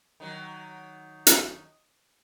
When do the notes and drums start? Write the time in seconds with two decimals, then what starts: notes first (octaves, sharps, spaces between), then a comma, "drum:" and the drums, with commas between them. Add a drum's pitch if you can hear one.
0.20 D#3 F#3
1.27 drum: hi-hat